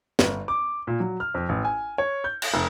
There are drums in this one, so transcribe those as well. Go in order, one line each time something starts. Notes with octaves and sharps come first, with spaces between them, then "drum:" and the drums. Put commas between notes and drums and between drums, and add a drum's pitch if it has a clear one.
G1, drum: snare
D6
A#2
F#3
F6
F2
A1
G#5
C#5
G6
drum: cymbal
F1